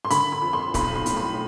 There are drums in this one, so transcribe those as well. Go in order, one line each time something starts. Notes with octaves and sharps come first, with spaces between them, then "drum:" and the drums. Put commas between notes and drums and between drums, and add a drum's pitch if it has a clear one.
C6
D3 B5, drum: hi-hat
B5
F2
C6
B1 B5, drum: kick C#1, hi-hat
C6
A2, drum: hi-hat
B5